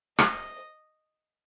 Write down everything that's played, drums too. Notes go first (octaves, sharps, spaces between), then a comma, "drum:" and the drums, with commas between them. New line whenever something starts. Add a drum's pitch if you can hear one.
D#5, drum: rim click